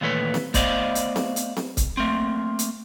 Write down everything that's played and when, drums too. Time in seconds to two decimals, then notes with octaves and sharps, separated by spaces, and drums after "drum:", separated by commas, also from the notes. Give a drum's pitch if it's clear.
0.01 D#2 A#2 E3 A3 B4 C#5
0.34 drum: snare C4
0.54 A3 B3 C5 D5 D#5 F5, drum: kick C#1, hi-hat
0.95 drum: hi-hat
1.16 drum: snare C4
1.36 drum: hi-hat
1.57 drum: snare C4
1.77 drum: kick C#1, hi-hat
1.97 A3 A#3 C4
2.59 drum: hi-hat